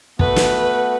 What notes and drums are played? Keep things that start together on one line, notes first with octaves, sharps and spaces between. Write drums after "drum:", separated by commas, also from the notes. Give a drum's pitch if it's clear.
A3 B3 F#4 B4, drum: kick
drum: snare